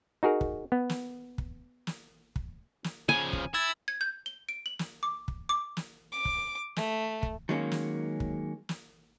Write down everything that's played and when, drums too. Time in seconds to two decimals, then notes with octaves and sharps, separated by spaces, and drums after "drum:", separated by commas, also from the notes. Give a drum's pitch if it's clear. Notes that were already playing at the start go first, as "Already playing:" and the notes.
0.23 D#4 F#4 G#4 A#4
0.41 drum: kick
0.72 B3
0.89 drum: snare
1.38 drum: kick
1.87 drum: snare
2.36 drum: kick
2.84 drum: snare
3.09 C#3 F3 G#5
3.33 drum: kick
3.54 E4 E6 G#6 A6
3.88 G#6
4.01 G6
4.26 G7
4.49 D7
4.66 F#7
4.79 drum: snare
5.03 D6
5.28 drum: kick
5.49 D6
5.77 drum: snare
6.12 D6
6.25 drum: kick
6.76 A3, drum: snare
7.23 drum: kick
7.49 D#3 F#3 G#3 A#3 C#4
7.71 drum: snare
8.20 drum: kick
8.69 drum: snare